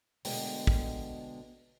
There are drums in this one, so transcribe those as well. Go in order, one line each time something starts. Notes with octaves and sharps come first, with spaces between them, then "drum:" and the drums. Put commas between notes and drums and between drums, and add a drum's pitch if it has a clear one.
D2 B2 D3 G#3 B3 G5, drum: open hi-hat
drum: kick